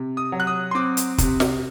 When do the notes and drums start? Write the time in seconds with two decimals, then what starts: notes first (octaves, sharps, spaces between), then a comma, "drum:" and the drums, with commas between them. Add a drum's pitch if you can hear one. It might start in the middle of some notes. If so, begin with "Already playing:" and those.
Already playing: C3
0.17 D#6
0.32 F#3
0.40 F#6
0.47 D#6
0.71 C6
0.75 C4 D6
0.97 drum: hi-hat
1.18 C3, drum: kick, hi-hat
1.40 drum: snare